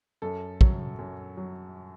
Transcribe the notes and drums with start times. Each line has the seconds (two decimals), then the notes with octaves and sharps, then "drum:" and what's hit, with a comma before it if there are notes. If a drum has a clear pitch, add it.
0.22 F#2 A4
0.61 F#3, drum: kick
0.99 F#2
1.37 F#3